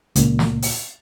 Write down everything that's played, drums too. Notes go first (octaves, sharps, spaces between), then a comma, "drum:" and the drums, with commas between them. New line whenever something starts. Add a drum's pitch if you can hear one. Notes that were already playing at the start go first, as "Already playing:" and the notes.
C#2 A#2, drum: hi-hat
drum: snare
drum: open hi-hat